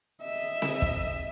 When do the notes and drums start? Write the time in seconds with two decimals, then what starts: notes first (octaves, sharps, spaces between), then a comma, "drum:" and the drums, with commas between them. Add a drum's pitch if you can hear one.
0.22 D#5 E5
0.62 drum: snare C4
0.82 drum: kick